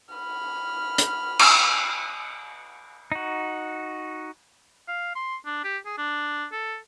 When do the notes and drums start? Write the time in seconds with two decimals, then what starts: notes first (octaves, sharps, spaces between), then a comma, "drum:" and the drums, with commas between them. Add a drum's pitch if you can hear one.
0.14 B5 F6
0.98 drum: hi-hat
1.39 drum: cymbal
3.12 D#4 F#4
4.88 F5
5.16 C6
5.46 D4
5.64 G4
5.86 G#4
5.98 D4
6.52 A4